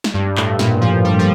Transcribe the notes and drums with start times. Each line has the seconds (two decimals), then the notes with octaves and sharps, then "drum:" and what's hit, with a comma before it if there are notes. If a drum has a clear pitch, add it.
0.04 drum: snare
0.14 G2
0.37 A2, drum: clap
0.59 A#2, drum: snare
0.81 F3
1.04 G3
1.19 F3